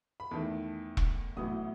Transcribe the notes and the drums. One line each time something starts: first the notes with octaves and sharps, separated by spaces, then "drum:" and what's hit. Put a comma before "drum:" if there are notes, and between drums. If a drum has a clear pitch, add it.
B5
E2 D#3 A3 A5
drum: kick E1
A1 A2 F#3 B3 E4 D#6